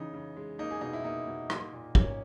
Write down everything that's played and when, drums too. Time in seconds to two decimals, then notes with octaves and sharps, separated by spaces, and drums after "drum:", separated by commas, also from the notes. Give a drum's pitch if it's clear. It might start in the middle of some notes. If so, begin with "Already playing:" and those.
Already playing: C#3 E3 D#4
0.14 C#3
0.37 G#3
0.59 A#3 D#4
0.71 G#4
0.81 B2 D#4
0.93 E4
1.05 A#3 D#4
1.27 B2
1.50 A#3, drum: rim click
1.73 A#2
1.95 A#3 C#4, drum: kick